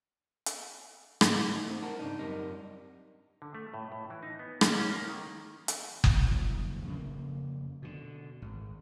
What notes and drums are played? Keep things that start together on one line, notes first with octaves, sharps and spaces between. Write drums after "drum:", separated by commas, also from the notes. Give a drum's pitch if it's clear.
drum: hi-hat
C#2 G#2, drum: rim click
E3 A3 D#4
A3 C4
A#4 F#5 A5 A#5
G#2 C#3 D4 D#4
F#2 G3 C4 A#4 D#5
D3
A3
A2
A2
E3
D#4
B3
C#4, drum: rim click
C#4
A#3
D#3
drum: hi-hat
drum: kick F#1
F#1 D#2 F3
F2 C#3 A#3
B2 D3
G#1